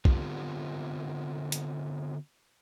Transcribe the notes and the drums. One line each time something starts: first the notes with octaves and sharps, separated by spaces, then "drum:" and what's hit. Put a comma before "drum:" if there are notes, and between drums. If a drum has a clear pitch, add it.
D3 B3 C4 F4 G4, drum: kick C2
drum: hi-hat